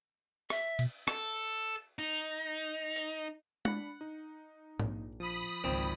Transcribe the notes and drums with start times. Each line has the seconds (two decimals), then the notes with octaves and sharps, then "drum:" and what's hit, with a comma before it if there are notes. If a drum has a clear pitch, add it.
0.50 E5, drum: rim click
0.79 B2, drum: cymbal
1.08 A4, drum: rim click
1.99 D#4
2.96 drum: hi-hat
3.65 D4 F#5 B5, drum: tom G#3
4.01 D#4
4.80 A#1 A#2, drum: tom G#2
5.20 F3 B5 D#6
5.64 G#1 C#2 C3 F3 C4